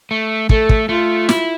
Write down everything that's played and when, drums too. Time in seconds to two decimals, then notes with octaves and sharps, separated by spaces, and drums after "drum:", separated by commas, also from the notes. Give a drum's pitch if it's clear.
0.11 A3
0.49 A3 A4, drum: kick
0.69 drum: kick
0.89 A3 F4
1.29 E4, drum: snare